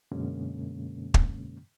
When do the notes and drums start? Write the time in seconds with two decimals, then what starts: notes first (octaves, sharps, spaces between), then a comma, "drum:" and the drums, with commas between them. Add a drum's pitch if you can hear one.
0.12 F#2 B2 D3 G#3 A#3 C#4
1.14 drum: kick